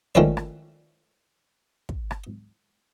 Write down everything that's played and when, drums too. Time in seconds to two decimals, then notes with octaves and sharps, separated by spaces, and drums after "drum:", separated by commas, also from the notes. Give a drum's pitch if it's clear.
0.15 D#3 F3 A3 C#4 B4 D5, drum: kick
0.37 drum: rim click
1.89 drum: kick
2.11 drum: rim click